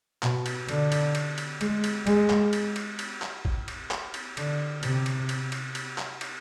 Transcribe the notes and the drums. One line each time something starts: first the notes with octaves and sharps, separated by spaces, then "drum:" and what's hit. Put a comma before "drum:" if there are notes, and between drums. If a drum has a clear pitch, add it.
B2, drum: clap
drum: cymbal
D3, drum: cymbal
drum: cymbal
drum: cymbal
drum: cymbal
G#3, drum: cymbal
drum: cymbal
G#3, drum: cymbal
drum: clap
drum: cymbal
drum: cymbal
drum: cymbal
drum: clap
drum: kick
drum: cymbal
drum: clap
drum: cymbal
D3, drum: cymbal
C3, drum: cymbal
drum: cymbal
drum: cymbal
drum: cymbal
drum: cymbal
drum: clap
drum: cymbal